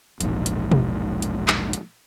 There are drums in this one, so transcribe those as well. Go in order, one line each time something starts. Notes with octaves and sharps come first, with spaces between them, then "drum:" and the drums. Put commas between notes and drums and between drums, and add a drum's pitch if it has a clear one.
E1 A#1 G#2 G#3, drum: hi-hat
drum: hi-hat
drum: tom B2
drum: hi-hat
drum: clap
drum: hi-hat